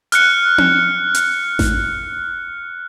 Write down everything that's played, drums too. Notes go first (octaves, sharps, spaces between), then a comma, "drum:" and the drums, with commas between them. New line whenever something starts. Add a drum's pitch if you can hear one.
F6 F#6 C#7, drum: hi-hat
drum: tom C4
drum: hi-hat
drum: snare A1